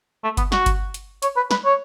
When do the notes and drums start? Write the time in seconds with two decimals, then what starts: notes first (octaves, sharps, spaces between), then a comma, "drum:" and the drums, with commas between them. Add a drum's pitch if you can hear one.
0.24 A3
0.37 B3, drum: kick G1, hi-hat
0.52 F#4, drum: snare
0.66 drum: kick G1, hi-hat
0.94 drum: hi-hat
1.22 C#5, drum: hi-hat
1.36 B4
1.51 B4, drum: snare
1.65 C#5